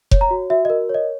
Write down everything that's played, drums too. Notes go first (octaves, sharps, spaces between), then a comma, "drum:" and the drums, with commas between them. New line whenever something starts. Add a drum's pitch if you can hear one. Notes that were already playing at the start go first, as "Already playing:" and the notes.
C#5, drum: kick F1
A#5
F#4
F#4 E5
D#5
A#4
C#5
D#5